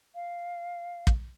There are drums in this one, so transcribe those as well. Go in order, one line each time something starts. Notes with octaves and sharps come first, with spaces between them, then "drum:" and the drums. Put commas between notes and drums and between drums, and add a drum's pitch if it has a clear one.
F5
drum: kick